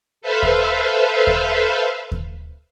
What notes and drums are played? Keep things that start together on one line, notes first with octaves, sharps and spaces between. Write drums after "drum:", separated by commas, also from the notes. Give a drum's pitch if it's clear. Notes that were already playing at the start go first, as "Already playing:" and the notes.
A4 B4 C5 E5 F5
drum: kick D#2
drum: kick D#2
drum: kick D#2